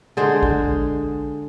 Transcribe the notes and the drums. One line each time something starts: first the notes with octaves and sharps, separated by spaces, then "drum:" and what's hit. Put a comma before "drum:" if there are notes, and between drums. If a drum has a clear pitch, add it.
D3 G#3 G#4 C5
drum: kick A1